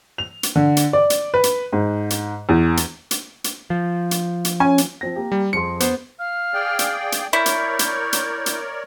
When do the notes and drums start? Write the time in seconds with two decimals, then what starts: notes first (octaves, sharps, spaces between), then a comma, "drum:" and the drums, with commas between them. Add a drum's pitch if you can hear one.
0.18 F7
0.43 drum: hi-hat
0.56 D3
0.77 drum: hi-hat
0.93 D5
1.10 drum: hi-hat
1.34 B4
1.43 drum: hi-hat
1.73 G#2
2.10 drum: hi-hat
2.49 E2
2.77 drum: hi-hat
3.11 drum: hi-hat
3.44 drum: hi-hat
3.70 F3
4.11 drum: hi-hat
4.45 drum: hi-hat
4.60 C#4 G#5
4.78 drum: hi-hat
5.01 F3 C4 A#6
5.16 A#3 G4
5.32 G3
5.53 F2 G#4 C6 C#7
5.80 B3 C5, drum: hi-hat
6.19 F5 F6
6.54 G#4 D5 G5
6.79 drum: hi-hat
7.12 drum: hi-hat
7.33 E4 A#4 C#5 D5 C#6 G6
7.46 drum: hi-hat
7.79 drum: hi-hat
8.13 drum: hi-hat
8.46 drum: hi-hat